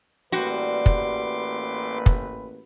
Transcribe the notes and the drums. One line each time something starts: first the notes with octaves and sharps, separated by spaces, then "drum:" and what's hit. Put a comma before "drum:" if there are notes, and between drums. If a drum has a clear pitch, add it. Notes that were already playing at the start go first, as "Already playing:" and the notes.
A1 G3 A#3 F#4 B4 C6 D6
drum: kick
drum: kick